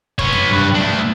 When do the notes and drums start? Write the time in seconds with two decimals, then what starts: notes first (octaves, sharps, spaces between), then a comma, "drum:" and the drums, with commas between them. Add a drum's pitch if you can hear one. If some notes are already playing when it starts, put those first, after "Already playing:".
0.19 B3 C#5, drum: kick
0.33 drum: tom F2
0.50 G2 B4
0.75 A3 D4